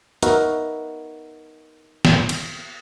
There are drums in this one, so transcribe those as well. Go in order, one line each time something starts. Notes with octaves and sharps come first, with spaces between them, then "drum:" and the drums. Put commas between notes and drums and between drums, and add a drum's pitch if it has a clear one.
B3 D#4 F#4 A#4 E5 F#5, drum: hi-hat
drum: snare
drum: cymbal